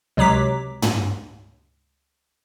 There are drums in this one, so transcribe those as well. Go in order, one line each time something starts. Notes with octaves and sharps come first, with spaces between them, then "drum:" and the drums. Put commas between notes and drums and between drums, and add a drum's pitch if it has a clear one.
C#2 C3 F#3 A#5 D6 B6
drum: tom